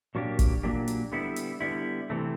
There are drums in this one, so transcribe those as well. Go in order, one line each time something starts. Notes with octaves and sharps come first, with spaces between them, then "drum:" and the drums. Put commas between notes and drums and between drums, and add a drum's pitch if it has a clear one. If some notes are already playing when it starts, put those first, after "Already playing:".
A#2 F#3 A#3 D4 G4
drum: kick, hi-hat
A#2 F#3 A#3 D4 G4
drum: hi-hat
D3 G3 B3 E4
drum: hi-hat
D3 G3 B3 E4
C3 E3 A3 C4